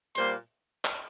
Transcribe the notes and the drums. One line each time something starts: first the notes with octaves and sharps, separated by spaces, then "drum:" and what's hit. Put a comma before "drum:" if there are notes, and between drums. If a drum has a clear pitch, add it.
A#2 G3 A#3 C5 C6, drum: hi-hat
drum: clap